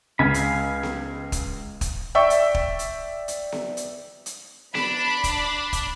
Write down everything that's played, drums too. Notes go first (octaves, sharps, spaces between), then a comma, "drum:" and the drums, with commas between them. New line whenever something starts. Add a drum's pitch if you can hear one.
C#2 F5 G#5 B5
drum: hi-hat
drum: snare B3
drum: kick, hi-hat
drum: kick, hi-hat
D5 E5 G5 C#6
drum: hi-hat
drum: kick
drum: hi-hat
drum: hi-hat
drum: snare B3
drum: hi-hat
drum: hi-hat
D4 B5, drum: snare B3
drum: kick, hi-hat
drum: kick, hi-hat